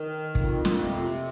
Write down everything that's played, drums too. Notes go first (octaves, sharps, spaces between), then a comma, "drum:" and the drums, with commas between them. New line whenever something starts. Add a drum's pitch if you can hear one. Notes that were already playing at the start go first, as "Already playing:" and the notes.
Already playing: D#3
F2, drum: kick
drum: snare
C3